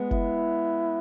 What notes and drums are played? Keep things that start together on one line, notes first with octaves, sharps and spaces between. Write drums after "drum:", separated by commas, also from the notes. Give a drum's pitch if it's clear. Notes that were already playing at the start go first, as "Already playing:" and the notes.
Already playing: G#3 B3
E4, drum: kick F#1